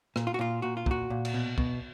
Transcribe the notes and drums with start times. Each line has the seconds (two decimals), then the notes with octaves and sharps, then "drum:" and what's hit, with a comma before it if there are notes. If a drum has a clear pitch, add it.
0.16 A#2, drum: rim click
0.27 F4
0.34 F#4
0.39 A#2 F4
0.62 A#2 F#4
0.77 F4
0.86 A#2 F#4, drum: kick
1.10 A#2
1.25 drum: cymbal
1.34 B2
1.58 B2, drum: kick